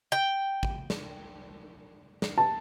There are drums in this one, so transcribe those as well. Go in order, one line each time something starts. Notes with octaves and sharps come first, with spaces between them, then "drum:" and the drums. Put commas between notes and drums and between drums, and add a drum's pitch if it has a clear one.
G5
drum: kick
drum: snare
drum: snare
A5